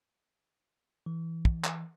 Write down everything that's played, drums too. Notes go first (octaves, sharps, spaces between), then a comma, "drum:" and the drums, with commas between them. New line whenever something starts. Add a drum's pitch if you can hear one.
E3
drum: kick
drum: clap